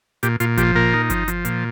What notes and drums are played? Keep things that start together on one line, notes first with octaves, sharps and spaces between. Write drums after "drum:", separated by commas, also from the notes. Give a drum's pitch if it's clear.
A#2 G4, drum: hi-hat
A#2 F4, drum: hi-hat
F3 G4, drum: kick G1, hi-hat
A#2 A#4
D#4
F3, drum: kick G1, hi-hat
F3, drum: hi-hat
A#2, drum: hi-hat